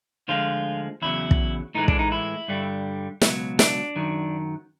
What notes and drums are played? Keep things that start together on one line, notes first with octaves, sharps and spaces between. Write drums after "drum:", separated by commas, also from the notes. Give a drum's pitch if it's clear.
D2 D3 F3 G#3 F4
E2 C#3 F#3 E4
drum: kick
A2 E3 G#3 D#4
D4, drum: kick
D#4
E4
G2 D3 G3
C#2 B2 F#3, drum: snare
D4, drum: snare
F#2 D#3 F#3